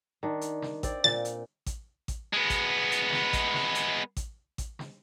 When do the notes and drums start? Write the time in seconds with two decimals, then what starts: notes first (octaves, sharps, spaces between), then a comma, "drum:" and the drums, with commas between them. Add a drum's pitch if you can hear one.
0.23 D#3 D4
0.41 drum: hi-hat
0.62 drum: snare
0.83 C4 D5, drum: kick A1, hi-hat
1.04 A#2 A6, drum: snare
1.25 drum: hi-hat
1.66 drum: kick A1, hi-hat
2.08 drum: kick A1, hi-hat
2.33 G#3 B3
2.50 drum: kick A1, hi-hat
2.91 drum: hi-hat
3.12 drum: snare
3.33 drum: kick A1, hi-hat
3.54 drum: snare
3.75 drum: hi-hat
4.17 drum: kick A1, hi-hat
4.58 drum: kick A1, hi-hat
4.79 drum: snare